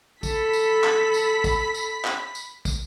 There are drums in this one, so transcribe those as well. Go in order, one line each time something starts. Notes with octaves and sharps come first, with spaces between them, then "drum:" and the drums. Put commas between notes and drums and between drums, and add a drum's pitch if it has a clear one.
A4 B5 B6, drum: kick, tambourine
drum: tambourine
drum: clap
drum: tambourine
drum: kick, tambourine
drum: tambourine
drum: clap
drum: tambourine
drum: kick, tambourine